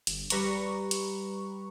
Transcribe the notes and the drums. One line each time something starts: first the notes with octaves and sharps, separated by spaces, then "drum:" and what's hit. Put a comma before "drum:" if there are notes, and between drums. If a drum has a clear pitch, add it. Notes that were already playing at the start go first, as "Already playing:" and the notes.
G1, drum: hi-hat
G3 B4 A#5 C#6, drum: hi-hat
drum: hi-hat